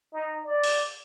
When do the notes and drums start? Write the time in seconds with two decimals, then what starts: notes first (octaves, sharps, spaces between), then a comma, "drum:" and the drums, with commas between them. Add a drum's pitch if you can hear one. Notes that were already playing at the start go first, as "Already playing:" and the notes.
0.13 D#4
0.45 D5
0.64 drum: open hi-hat